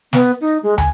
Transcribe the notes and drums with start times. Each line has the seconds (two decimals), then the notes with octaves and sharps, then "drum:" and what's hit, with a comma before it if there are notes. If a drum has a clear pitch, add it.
0.13 B3, drum: snare
0.41 D#4
0.63 G#3
0.78 G#5, drum: tom